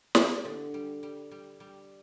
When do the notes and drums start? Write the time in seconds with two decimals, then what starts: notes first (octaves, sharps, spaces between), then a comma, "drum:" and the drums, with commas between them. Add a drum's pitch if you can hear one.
0.15 G3 G4, drum: snare
0.45 D3
0.74 G3
1.03 G3
1.31 G3
1.60 G3